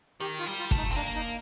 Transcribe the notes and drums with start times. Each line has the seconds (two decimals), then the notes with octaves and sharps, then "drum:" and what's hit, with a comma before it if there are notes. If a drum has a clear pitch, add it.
0.20 D#3 G4
0.39 F4
0.46 G3
0.59 F4
0.71 A3, drum: kick
0.77 D#4
0.91 C4
0.96 A#3 D4
1.15 D#4